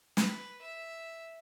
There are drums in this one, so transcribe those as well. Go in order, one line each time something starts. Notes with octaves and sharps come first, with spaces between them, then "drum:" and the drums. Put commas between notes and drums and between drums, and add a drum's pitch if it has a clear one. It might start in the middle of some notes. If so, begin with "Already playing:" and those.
B4, drum: snare
E5